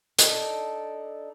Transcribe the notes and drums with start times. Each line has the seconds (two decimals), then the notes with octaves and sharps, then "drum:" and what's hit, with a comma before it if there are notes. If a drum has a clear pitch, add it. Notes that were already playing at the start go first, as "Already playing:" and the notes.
0.19 D4 D#4 A4, drum: hi-hat